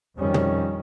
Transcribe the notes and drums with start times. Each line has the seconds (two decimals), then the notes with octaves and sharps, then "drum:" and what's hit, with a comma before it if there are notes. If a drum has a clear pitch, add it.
0.17 F2 D#3 G3 C#4
0.34 drum: tom